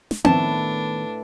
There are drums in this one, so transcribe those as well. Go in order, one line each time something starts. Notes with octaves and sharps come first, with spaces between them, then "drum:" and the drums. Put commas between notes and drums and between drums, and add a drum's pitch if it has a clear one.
drum: snare
A2 D#3 B3 D4 B4 A5 C#6, drum: tom C4